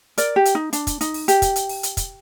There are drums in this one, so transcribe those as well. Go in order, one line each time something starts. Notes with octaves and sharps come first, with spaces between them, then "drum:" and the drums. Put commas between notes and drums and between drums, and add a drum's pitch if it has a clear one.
A#4 D5, drum: hi-hat
G4
drum: hi-hat
D#4
D4, drum: hi-hat
drum: kick, hi-hat
D#4, drum: hi-hat
drum: open hi-hat
G4, drum: hi-hat
drum: kick, hi-hat
drum: hi-hat
drum: open hi-hat
drum: hi-hat
drum: kick, hi-hat